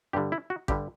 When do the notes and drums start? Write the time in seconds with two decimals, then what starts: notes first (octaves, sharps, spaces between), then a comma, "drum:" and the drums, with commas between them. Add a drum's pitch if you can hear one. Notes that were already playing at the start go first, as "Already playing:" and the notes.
0.13 G2 D3 G3 G4
0.32 E4
0.50 F#4
0.68 G2 D3 G3 G4, drum: kick